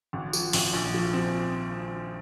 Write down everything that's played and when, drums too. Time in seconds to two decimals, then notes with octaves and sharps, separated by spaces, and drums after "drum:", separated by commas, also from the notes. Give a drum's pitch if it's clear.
0.13 G#1
0.33 F3, drum: tambourine
0.53 G#1, drum: open hi-hat
0.73 A#1
0.94 F3
1.13 C4